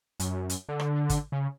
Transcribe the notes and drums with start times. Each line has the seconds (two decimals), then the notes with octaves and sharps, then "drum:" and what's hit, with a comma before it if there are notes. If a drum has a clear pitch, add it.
0.20 F#2, drum: hi-hat
0.50 drum: hi-hat
0.69 D3
0.80 drum: rim click
1.09 drum: kick, hi-hat
1.32 C#3